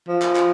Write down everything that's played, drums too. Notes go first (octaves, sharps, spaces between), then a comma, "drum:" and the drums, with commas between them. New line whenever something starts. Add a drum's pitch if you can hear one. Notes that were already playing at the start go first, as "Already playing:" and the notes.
F3
drum: clap
drum: clap